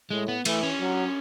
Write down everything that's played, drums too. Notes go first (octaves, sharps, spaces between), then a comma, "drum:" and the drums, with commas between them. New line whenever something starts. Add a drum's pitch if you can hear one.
A2 G#3
B3
E3 A3, drum: cymbal
C#4
F#3